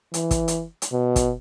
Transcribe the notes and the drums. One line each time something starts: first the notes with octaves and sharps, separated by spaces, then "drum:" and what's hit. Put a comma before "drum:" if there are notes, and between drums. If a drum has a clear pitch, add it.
E3, drum: hi-hat
drum: kick, hi-hat
drum: hi-hat
drum: hi-hat
B2
drum: kick, hi-hat